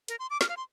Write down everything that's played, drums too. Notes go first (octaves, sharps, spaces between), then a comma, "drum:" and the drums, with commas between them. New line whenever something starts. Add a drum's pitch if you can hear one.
A#4, drum: hi-hat
C6
D6
F6, drum: snare
F5
C6